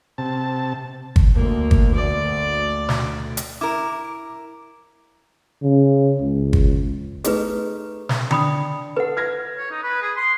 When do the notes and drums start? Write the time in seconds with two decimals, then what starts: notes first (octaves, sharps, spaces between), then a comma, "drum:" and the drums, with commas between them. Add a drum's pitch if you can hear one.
0.18 C3 A5
1.16 drum: kick G1
1.35 D2 A#3
1.71 drum: kick G1
1.94 D5
2.89 drum: snare
3.37 drum: hi-hat
3.61 E4 A#4 D6
5.63 C#3
6.22 C#2
6.53 drum: kick G1
7.24 A3 D#4 G#4 B4, drum: hi-hat
8.09 drum: snare
8.31 D4 G5 B5 D#6, drum: tom D3
8.96 A4 B4 F#5
9.17 F6 G#6 A#6
9.57 C#5
9.71 D#4
9.82 B4
10.02 G#4
10.16 C6